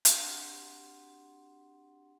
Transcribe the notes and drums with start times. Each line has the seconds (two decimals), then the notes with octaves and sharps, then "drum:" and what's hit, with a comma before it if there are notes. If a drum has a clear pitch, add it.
0.05 C4 D4 F#4 G4 F#5 C6, drum: hi-hat